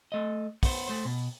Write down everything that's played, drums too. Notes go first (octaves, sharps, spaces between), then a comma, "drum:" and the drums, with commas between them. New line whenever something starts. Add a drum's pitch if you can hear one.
A3 D#5
B3 C5, drum: kick, open hi-hat
A3 C5
B2